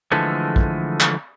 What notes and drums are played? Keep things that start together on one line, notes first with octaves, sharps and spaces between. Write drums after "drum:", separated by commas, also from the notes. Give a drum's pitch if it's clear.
D3 E3 F3 G#3 A3
drum: kick
drum: clap